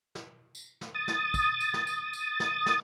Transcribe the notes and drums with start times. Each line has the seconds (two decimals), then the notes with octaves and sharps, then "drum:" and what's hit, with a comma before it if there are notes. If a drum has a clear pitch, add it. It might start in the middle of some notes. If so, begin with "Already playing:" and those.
0.15 drum: snare
0.55 drum: tambourine
0.81 drum: snare
0.94 D#6 A6
1.08 drum: snare
1.34 drum: kick, tambourine
1.60 drum: tambourine
1.74 drum: snare
1.87 drum: tambourine
2.13 drum: tambourine
2.40 drum: snare
2.66 drum: snare